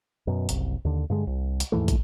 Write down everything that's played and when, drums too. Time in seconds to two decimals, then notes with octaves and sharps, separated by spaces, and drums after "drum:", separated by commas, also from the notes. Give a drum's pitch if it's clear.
0.27 F#2 B2
0.49 F#1 C2, drum: hi-hat
0.85 D#2 D3
1.10 G2 D3 G#3
1.27 C2
1.60 drum: hi-hat
1.72 D#2 G#2 E3 A3
1.88 drum: kick, hi-hat